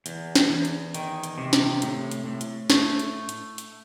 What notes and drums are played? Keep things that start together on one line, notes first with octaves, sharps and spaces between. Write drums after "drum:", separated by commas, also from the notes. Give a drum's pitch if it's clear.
E2, drum: hi-hat
drum: snare
E2
drum: hi-hat
D#3, drum: hi-hat
drum: hi-hat
C3
drum: snare
A2, drum: hi-hat
drum: hi-hat
A2
drum: hi-hat
A3, drum: snare
drum: hi-hat
drum: hi-hat
drum: hi-hat